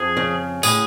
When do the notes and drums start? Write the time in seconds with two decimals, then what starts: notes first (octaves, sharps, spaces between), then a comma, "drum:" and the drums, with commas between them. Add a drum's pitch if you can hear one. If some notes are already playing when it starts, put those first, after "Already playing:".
Already playing: F2 F3 G#4
0.17 C#3
0.63 A2 G#4, drum: tambourine